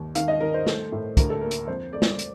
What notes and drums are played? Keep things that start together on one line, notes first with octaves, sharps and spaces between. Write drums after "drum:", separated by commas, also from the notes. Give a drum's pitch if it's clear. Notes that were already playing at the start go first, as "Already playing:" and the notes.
Already playing: D#2
D#3 F5, drum: hi-hat
D#5
D#3 A#4
C5
A3, drum: snare
A2
D2 A#4, drum: kick, hi-hat
A4
A#3 A#4
drum: hi-hat
F2 C5
A3 D5
drum: snare
drum: hi-hat